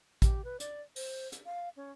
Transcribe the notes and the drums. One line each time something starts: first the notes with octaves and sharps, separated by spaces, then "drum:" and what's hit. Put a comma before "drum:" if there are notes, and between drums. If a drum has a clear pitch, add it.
G4, drum: kick, hi-hat
B4
D5, drum: hi-hat
C5, drum: open hi-hat
drum: hi-hat
F5
C#4